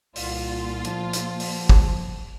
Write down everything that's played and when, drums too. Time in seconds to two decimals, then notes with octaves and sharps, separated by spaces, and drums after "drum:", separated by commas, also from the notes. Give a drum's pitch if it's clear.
0.16 C2 A#2 F4, drum: open hi-hat
0.85 F3, drum: hi-hat
1.13 drum: hi-hat
1.40 drum: open hi-hat
1.69 drum: kick